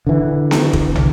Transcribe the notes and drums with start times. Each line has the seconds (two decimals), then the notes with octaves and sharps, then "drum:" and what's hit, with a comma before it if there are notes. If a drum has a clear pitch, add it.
0.07 D3 E3
0.51 drum: snare B3
0.73 drum: kick
0.96 drum: tom